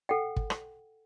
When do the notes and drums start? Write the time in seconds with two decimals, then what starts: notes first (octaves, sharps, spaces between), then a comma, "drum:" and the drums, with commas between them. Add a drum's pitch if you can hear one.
0.09 A4 F#5 G5
0.36 drum: kick
0.50 drum: rim click